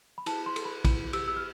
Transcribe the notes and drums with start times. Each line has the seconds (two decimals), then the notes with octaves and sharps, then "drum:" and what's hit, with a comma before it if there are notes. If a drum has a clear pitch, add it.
0.18 B5
0.26 E4 A5, drum: cymbal
0.46 C6
0.56 A4, drum: cymbal
0.65 B5
0.85 E4 B5, drum: kick, cymbal
1.13 G4 E6, drum: cymbal
1.28 E6
1.37 F6